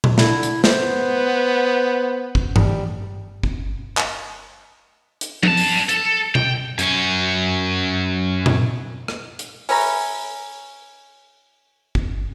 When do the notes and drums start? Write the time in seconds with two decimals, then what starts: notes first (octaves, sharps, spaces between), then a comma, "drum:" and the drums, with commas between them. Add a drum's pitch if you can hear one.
0.04 drum: tom A#2
0.18 D3 E4, drum: snare
0.43 drum: hi-hat
0.64 B3 C5, drum: snare
2.35 drum: kick G1
2.56 G3, drum: tom G2
3.43 drum: kick G1
3.97 drum: clap
5.21 drum: hi-hat
5.43 G2 A5, drum: tom F3
5.57 drum: open hi-hat
5.89 A4, drum: hi-hat
6.35 G5, drum: tom B2
6.79 F#2 C#4, drum: hi-hat
8.46 drum: tom A#2
9.08 drum: rim click
9.39 drum: hi-hat
9.69 C#4 B4 E5 A#5, drum: open hi-hat
11.95 drum: kick G1